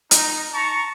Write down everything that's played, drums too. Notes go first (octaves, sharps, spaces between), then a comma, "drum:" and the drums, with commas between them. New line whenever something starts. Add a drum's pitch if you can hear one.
D#4, drum: hi-hat
A5 A#5 C#6